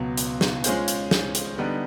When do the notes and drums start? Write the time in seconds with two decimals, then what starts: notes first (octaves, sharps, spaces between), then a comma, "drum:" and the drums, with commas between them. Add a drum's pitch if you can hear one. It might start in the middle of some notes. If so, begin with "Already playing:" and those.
Already playing: C#2 B2 F#3 B3
0.17 drum: hi-hat
0.41 drum: snare
0.64 G#3 C#4 F4 G#4 C5, drum: hi-hat
0.88 drum: hi-hat
1.11 drum: snare
1.35 drum: hi-hat
1.58 D3 G3 B3 D#4